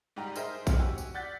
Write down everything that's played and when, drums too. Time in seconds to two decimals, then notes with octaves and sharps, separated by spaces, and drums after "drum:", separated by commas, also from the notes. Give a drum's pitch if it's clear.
0.16 G#2 G3 G4 A#5
0.36 D#4 G#4 A#4 C5 D#5 E5, drum: tambourine
0.67 drum: kick, tambourine
0.78 F#4 G4 G#5 E6
0.98 drum: tambourine
1.14 D5 F#5 F#6 G6 A6 B6